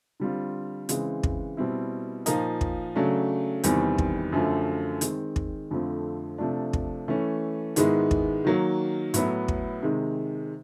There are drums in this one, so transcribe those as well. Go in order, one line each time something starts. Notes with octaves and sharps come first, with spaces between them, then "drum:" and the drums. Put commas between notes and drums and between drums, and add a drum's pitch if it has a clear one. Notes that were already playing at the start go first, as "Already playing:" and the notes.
D3 G3 C4 F4
C#3 E3 G#3 C4, drum: hi-hat
drum: kick
B2 G3 C4 E4
A#2 F3 A#3 D#4, drum: hi-hat
drum: kick
C#3 F#3 A3 D4
E2 C3 D#3 G3 C4, drum: hi-hat
drum: kick
F#2 D3 F3 A3
D#3 G#3 C4, drum: hi-hat
drum: kick
F2 D3 F3 A3 C4
C3 F3 A3 D4
drum: kick
E3 A3 C#4
G#2 D#3 G#3 B3 E4, drum: hi-hat
drum: kick
D#3 F#3 A#3
A2 F#3 B3 E4, drum: hi-hat
drum: kick
C3 D#3 G#3